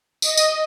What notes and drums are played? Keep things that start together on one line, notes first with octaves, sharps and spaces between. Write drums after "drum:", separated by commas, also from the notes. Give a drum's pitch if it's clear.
D#5, drum: tambourine
drum: tambourine